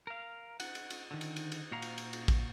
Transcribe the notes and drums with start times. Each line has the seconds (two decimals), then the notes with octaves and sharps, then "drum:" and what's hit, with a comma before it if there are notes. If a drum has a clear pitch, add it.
0.07 A#4 F5
0.60 F#5, drum: cymbal
0.75 drum: cymbal
0.90 drum: cymbal
1.11 D3 D#3
1.21 drum: cymbal
1.36 drum: cymbal
1.52 drum: cymbal
1.71 A#2 F#4 F5 A#5
1.82 drum: cymbal
1.98 drum: cymbal
2.13 drum: cymbal
2.28 drum: kick, cymbal